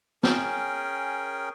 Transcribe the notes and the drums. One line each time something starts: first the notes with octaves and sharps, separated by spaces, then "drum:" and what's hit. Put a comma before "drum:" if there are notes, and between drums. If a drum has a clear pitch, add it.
C#4 G#4 A#4 G5, drum: snare